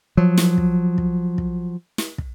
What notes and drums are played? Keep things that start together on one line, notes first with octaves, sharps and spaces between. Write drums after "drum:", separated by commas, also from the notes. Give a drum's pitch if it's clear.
F3 F#3
drum: snare
drum: kick
drum: kick
drum: kick
drum: snare
drum: kick